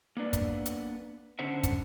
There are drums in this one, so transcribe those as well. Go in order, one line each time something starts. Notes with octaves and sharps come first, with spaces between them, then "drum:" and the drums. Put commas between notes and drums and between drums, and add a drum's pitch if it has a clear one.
A#3 B3 D4 D5
drum: kick, hi-hat
drum: hi-hat
D3 B3 C#4 C5 E5 F#5
drum: kick, hi-hat